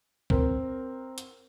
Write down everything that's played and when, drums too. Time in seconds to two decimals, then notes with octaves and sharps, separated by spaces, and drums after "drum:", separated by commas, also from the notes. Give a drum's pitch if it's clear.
0.30 C4 A#4, drum: kick C2
1.18 drum: hi-hat